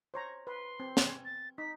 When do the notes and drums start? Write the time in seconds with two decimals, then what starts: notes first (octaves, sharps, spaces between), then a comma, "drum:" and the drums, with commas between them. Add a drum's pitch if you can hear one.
0.14 C5 C#5 A#5
0.47 B4 C6
0.80 C4
0.97 drum: snare
1.07 G#5
1.25 A6
1.58 D#4 B6